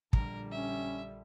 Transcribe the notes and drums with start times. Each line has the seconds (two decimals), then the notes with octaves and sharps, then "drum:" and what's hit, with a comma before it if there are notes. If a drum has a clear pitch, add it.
0.13 A#1 D3 G3 A#4, drum: kick
0.52 C#4 E5